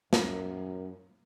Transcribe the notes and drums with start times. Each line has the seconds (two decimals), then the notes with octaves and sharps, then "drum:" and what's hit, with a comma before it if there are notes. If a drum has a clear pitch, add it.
0.13 F#2, drum: snare